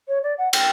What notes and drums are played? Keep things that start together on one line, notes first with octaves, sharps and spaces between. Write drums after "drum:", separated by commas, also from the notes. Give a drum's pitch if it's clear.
C#5
D5
F#5
G5, drum: cymbal